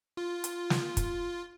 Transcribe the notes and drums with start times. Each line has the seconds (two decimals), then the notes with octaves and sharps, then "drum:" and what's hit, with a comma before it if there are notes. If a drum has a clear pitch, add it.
0.17 F4
0.44 drum: hi-hat
0.70 drum: snare
0.97 drum: kick, hi-hat